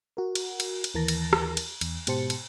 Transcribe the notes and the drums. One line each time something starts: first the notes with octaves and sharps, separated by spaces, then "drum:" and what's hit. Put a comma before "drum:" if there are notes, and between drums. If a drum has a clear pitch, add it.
F#4 A#4
drum: cymbal
drum: cymbal
drum: cymbal
D#2 E3 A#4 A5 A6 A#6
drum: cymbal
drum: rim click
drum: cymbal
E2, drum: cymbal
G#2 B2 G4 C5 A5 C#7, drum: cymbal
drum: cymbal